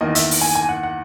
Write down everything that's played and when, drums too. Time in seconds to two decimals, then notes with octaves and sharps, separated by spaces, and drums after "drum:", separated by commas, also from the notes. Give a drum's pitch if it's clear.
0.01 E2 D#3 A#3 D#5
0.15 E5, drum: hi-hat
0.31 drum: open hi-hat
0.41 G#5
0.55 G#5
0.69 F#5
0.83 F#5